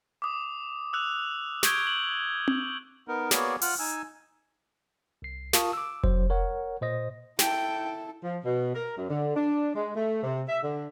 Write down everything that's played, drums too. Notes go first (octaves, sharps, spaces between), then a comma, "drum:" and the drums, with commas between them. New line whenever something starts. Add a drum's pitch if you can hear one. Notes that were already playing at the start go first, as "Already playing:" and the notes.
D6 D#6
E6 F#6 F7
C#6 D#6 G6 G#6 D7 G7, drum: snare
F#7
drum: tom C4
B3 D#4 A#4
A#3 B3 F#4 G#4 C#5 D5, drum: snare
F4 F#5 F6, drum: open hi-hat
D#4 G#5 E6
C2 C7
F4 A#4 F5 A5 C#6 D#6, drum: snare
D6 E6
F#3 C5, drum: kick F1
A#4 C#5 F#5
A#2 C5 D#5 A#6
E4 A4 G5, drum: snare
F3
B2
A#4
F#2
D3
D4
G#3
A3
C3
E5
D3